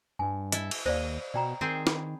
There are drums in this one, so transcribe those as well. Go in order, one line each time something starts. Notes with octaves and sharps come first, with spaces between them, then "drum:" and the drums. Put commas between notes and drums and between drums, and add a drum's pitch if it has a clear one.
G2 G#5
E4 A4 D#5 E5, drum: hi-hat
drum: cymbal
D#2 C5 D5 D#5 F5
B2 D5 G5 A#5
D#3 C4 G#4 C5
B5, drum: snare